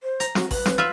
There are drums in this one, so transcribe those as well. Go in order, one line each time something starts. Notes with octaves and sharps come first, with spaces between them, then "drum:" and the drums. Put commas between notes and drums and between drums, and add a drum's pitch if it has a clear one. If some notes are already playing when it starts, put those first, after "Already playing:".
C5
A#5, drum: hi-hat
F#4, drum: snare
B4, drum: kick A1, open hi-hat
drum: snare
F4 B4 E5